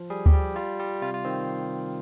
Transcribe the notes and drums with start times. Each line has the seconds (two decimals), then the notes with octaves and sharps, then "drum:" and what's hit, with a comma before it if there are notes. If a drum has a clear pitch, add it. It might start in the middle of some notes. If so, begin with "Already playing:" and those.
Already playing: F3
0.10 G3 G#4
0.26 G4, drum: kick D2
0.33 G3
0.56 G3 F4
0.79 G3
1.02 C3 F4
1.14 F4
1.25 D#3 C4